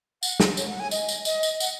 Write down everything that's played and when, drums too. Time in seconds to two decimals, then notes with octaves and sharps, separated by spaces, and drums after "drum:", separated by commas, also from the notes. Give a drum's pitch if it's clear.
0.23 F#5, drum: tambourine
0.40 drum: snare
0.57 C#5, drum: tambourine
0.69 F#5
0.80 G#5
0.91 D#5, drum: tambourine
1.09 drum: tambourine
1.25 D#5, drum: tambourine
1.43 drum: tambourine
1.60 F#5, drum: tambourine